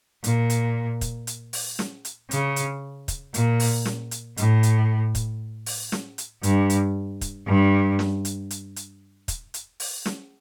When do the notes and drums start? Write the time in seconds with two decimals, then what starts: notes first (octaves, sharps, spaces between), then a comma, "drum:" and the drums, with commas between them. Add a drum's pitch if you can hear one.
0.24 A#2, drum: hi-hat
0.50 drum: hi-hat
1.01 drum: kick, hi-hat
1.27 drum: hi-hat
1.53 drum: open hi-hat
1.79 drum: snare
2.05 drum: hi-hat
2.31 C#3, drum: hi-hat
2.56 drum: hi-hat
3.08 drum: kick, hi-hat
3.34 A#2, drum: hi-hat
3.60 drum: open hi-hat
3.85 drum: snare
4.11 drum: hi-hat
4.37 A2, drum: hi-hat
4.63 drum: hi-hat
5.15 drum: kick, hi-hat
5.66 drum: open hi-hat
5.92 drum: snare
6.18 drum: hi-hat
6.43 G2, drum: hi-hat
6.70 drum: hi-hat
7.21 drum: kick, hi-hat
7.47 G2
7.99 drum: snare
8.25 drum: hi-hat
8.50 drum: hi-hat
8.76 drum: hi-hat
9.28 drum: kick, hi-hat
9.54 drum: hi-hat
9.80 drum: open hi-hat
10.06 drum: snare